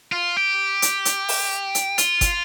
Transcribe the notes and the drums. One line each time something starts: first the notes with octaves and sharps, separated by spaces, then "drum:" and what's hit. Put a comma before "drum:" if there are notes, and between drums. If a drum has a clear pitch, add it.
F4
G4
drum: hi-hat
drum: hi-hat
drum: open hi-hat
drum: hi-hat
F4, drum: hi-hat
drum: kick G1, hi-hat